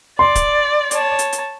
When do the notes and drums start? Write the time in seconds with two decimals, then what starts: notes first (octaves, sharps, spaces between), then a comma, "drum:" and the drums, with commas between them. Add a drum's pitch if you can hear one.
0.19 D5 C6
0.35 drum: kick D1, hi-hat
0.91 C#5 A5, drum: hi-hat
1.19 drum: hi-hat
1.33 drum: hi-hat